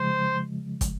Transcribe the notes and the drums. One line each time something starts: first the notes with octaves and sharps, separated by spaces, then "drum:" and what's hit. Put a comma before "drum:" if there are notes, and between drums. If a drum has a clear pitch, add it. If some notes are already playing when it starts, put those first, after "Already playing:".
Already playing: C#3 F3 G#3 C5
drum: kick, hi-hat